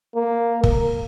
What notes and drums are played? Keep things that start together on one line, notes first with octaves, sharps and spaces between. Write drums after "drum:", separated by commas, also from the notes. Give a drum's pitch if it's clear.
A#3
A#4, drum: kick